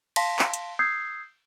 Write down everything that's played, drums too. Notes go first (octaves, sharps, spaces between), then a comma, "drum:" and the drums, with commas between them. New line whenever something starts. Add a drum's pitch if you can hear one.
F5 A5 C6 A#6 B6, drum: cymbal
drum: clap
drum: hi-hat
D#6 E6 G6 G#6 C7